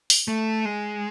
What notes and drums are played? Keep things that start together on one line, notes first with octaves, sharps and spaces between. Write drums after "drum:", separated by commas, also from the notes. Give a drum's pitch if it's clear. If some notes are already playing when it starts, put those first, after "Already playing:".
drum: open hi-hat
A3
G#3